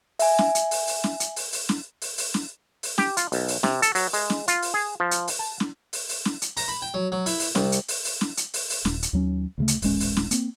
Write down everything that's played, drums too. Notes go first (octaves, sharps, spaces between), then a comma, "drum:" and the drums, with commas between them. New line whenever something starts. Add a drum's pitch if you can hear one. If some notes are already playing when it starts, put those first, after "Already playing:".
E5 G#5, drum: open hi-hat
drum: snare
drum: hi-hat
drum: open hi-hat
drum: open hi-hat
drum: snare
drum: hi-hat
drum: open hi-hat
drum: open hi-hat
drum: snare
drum: open hi-hat
drum: open hi-hat
drum: snare
drum: open hi-hat
G4, drum: snare
F4, drum: hi-hat
B1, drum: open hi-hat
drum: open hi-hat
C3, drum: snare
A4, drum: hi-hat
F#3, drum: open hi-hat
G#3, drum: open hi-hat
drum: snare
F4, drum: hi-hat
drum: open hi-hat
G#4
F3
drum: hi-hat
drum: open hi-hat
A5
drum: snare
drum: open hi-hat
drum: open hi-hat
drum: snare
drum: hi-hat
A#5, drum: open hi-hat
B5
G5
F#3
F#3
E4, drum: open hi-hat
drum: open hi-hat
C2, drum: snare
drum: hi-hat
drum: open hi-hat
drum: open hi-hat
drum: snare
drum: hi-hat
drum: open hi-hat
drum: open hi-hat
D#1, drum: snare
drum: hi-hat
D#2 F#3 C#4
D2 C#3 A3
drum: hi-hat
D#1 A1 G#3 C#4, drum: open hi-hat
drum: open hi-hat
drum: snare
A#3 C4, drum: hi-hat